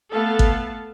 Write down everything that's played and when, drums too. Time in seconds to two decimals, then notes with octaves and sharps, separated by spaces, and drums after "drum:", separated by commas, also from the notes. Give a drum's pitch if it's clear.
0.11 A3 B3 A4 F5 A5
0.39 drum: kick